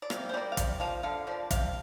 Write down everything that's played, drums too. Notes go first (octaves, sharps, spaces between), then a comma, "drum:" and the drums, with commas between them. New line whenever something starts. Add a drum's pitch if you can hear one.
D5
C3 F5, drum: rim click
C5
G3 A#3 D5
F5
C3 D5, drum: kick, hi-hat
F3 A#3 F5
D3 F5
F3 A#3 D5
C3 F5, drum: kick, hi-hat